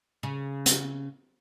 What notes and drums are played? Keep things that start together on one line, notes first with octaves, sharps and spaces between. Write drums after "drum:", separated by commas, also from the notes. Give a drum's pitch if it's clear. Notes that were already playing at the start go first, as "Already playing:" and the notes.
C#3
drum: hi-hat